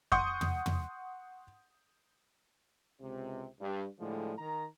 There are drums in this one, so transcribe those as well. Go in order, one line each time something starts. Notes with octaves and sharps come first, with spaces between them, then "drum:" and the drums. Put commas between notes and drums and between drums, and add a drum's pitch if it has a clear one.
F#5 C6 C#6 D#6 G6, drum: kick F2
drum: tom
drum: tom
C#2 C3
G2
A2 D3 F3 G3 G#3
D#3 A#5